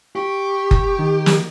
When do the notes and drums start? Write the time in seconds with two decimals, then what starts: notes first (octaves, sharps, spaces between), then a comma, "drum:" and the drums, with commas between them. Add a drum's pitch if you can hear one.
0.16 G4 C#6
0.71 drum: kick F#1
0.99 D#3
1.26 drum: snare